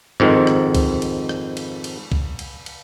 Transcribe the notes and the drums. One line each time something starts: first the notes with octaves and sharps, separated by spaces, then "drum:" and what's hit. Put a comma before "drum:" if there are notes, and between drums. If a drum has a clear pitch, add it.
F2 G#2 D#3, drum: tom G2
drum: rim click
drum: kick, cymbal
drum: cymbal
drum: rim click
drum: cymbal
drum: cymbal
drum: kick
drum: cymbal
drum: cymbal